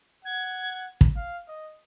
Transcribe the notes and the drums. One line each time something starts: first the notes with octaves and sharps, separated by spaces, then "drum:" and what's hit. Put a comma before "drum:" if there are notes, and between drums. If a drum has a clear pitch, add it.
F#5 G#6
drum: kick
F5
D#5